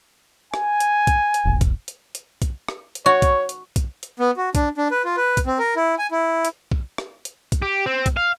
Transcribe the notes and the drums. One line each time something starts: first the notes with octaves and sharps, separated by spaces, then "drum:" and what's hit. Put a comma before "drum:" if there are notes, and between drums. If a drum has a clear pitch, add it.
G#5, drum: rim click
drum: hi-hat
drum: kick B1, hi-hat
drum: hi-hat
E1 A#1
drum: kick B1, hi-hat
drum: hi-hat
drum: hi-hat
drum: kick B1, hi-hat
drum: rim click
drum: hi-hat
F#4 C#5
drum: kick B1, hi-hat
drum: hi-hat
drum: kick B1, hi-hat
drum: hi-hat
B3
F#4
D4, drum: kick B1, hi-hat
D4
B4
F4
B4
drum: kick B1, hi-hat
C4
A#4
E4
G#5
E4
drum: hi-hat
drum: kick B1
drum: rim click
drum: hi-hat
drum: kick B1, hi-hat
G4
C4
drum: kick B1, hi-hat
F5